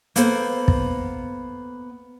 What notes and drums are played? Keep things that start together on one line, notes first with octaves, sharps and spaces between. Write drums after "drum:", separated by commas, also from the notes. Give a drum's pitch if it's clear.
A#3 B3 A4 C5, drum: hi-hat
drum: kick